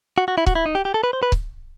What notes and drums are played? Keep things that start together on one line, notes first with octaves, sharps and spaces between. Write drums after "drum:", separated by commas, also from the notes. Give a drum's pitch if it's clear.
F#4
F#4
E4
F#4, drum: kick C#1
E4
D#4
G4
G4
A4
B4
C5
B4
drum: kick C#1